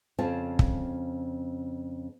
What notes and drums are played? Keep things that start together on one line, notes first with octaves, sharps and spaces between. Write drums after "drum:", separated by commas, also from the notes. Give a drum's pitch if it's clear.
F2 C#3 C4 F4 A5
drum: kick